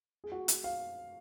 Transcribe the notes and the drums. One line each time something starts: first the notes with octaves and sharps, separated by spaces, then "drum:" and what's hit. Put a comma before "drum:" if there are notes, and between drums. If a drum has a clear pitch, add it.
G#4
F#4
F#4, drum: hi-hat
F5